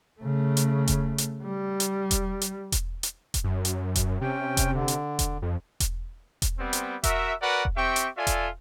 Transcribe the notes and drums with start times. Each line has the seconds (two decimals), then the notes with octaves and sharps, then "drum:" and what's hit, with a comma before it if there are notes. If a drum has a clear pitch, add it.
0.21 C#3 A3
0.57 drum: hi-hat
0.87 drum: kick E1, hi-hat
1.18 drum: hi-hat
1.43 G3
1.80 drum: hi-hat
2.11 drum: kick E1, hi-hat
2.41 drum: hi-hat
2.72 drum: kick E1, hi-hat
3.03 drum: hi-hat
3.34 drum: kick E1, hi-hat
3.44 F#2
3.65 drum: hi-hat
3.95 drum: kick E1, hi-hat
4.21 C3 C#4 G5
4.57 drum: kick E1, hi-hat
4.72 D3
4.88 drum: hi-hat
5.19 drum: kick E1, hi-hat
5.42 F2
5.80 drum: kick E1, hi-hat
6.42 drum: kick E1, hi-hat
6.59 G3 B3 C4
6.73 drum: hi-hat
7.03 F#4 A#4 E5, drum: kick E1, hi-hat
7.42 F#4 A#4 B4 D5 F#5
7.65 drum: kick E1
7.76 C4 G4 E5 G5 C#6
7.96 drum: hi-hat
8.17 F4 A4 D5 E5 G#5
8.27 drum: kick E1, hi-hat